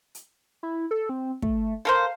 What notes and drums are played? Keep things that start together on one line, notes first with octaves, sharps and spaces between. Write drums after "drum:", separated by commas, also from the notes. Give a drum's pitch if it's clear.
drum: hi-hat
E4
A4
C4
A3, drum: kick
A4 A#4 C5 F5